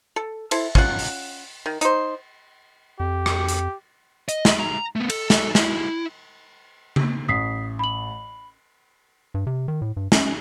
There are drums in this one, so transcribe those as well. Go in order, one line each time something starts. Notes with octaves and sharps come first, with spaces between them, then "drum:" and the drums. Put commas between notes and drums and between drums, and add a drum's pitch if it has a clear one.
A4
E4 A4 C5, drum: cymbal
C#4 F4 F#5, drum: kick
drum: open hi-hat
D#3
D#4 C5, drum: hi-hat
F2 G4
drum: rim click
drum: hi-hat
D#5, drum: hi-hat
drum: snare
A#5
A3 B3
A4, drum: cymbal
drum: snare
E4, drum: snare
drum: tom C#3
A1 D#6 B6 C7
B5 F#7
G2
C3
D#3
A2
G2
C#4, drum: snare